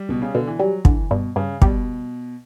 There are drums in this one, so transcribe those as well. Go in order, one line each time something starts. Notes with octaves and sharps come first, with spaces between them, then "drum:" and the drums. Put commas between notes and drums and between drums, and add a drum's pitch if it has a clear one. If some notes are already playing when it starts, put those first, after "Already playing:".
Already playing: G3
C#2 B2
C#3
B2 D3
E3
F#3 G3
D3 E3, drum: kick
G2 B2
G2 C#3
B2 G3, drum: kick